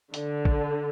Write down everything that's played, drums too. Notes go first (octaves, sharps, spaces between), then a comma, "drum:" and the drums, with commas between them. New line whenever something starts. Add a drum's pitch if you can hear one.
D3, drum: hi-hat
drum: kick